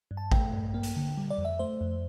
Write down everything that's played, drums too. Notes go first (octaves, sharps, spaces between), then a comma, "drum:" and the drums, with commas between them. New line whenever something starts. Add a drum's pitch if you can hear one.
G2
A5
A3 G5, drum: kick A1
G2
A#3
drum: hi-hat
D3
G3
D5
F2
E5
A3 C5
F2